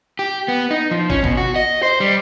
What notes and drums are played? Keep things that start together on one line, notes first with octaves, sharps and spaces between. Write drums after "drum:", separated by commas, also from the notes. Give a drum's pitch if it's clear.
G4
B3
D#4
F3
C#4, drum: kick
B2, drum: kick
F#4
D#5
C5
G3